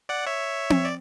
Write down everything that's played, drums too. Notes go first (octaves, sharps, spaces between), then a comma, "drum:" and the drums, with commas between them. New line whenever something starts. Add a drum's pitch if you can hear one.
D5 F#5
C#5 E5
drum: tom C4
D5